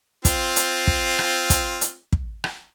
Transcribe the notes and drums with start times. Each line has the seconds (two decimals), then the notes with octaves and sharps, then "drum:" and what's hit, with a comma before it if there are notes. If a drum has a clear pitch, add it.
0.25 C4 F4, drum: kick, hi-hat
0.56 drum: hi-hat
0.87 drum: kick
1.19 drum: rim click
1.50 drum: kick, hi-hat
1.81 drum: hi-hat
2.12 drum: kick
2.44 drum: rim click